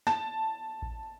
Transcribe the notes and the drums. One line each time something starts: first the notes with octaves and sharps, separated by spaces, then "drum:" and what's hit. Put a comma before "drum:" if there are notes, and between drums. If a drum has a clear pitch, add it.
A5, drum: snare
drum: kick A1